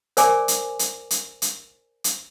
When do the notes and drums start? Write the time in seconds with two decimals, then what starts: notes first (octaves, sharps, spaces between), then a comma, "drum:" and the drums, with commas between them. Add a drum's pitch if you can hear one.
0.17 A#4 C5 D5 G#5 D6, drum: hi-hat
0.48 drum: hi-hat
0.79 drum: hi-hat
1.11 drum: hi-hat
1.42 drum: hi-hat
2.04 drum: hi-hat